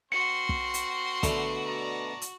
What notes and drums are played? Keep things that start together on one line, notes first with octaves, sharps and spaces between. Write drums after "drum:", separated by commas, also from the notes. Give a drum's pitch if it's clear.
C4 F#4 A#4 C6 C#7
drum: kick
drum: hi-hat
B2 D3 A3, drum: kick, hi-hat
D5 A5 A#5
drum: hi-hat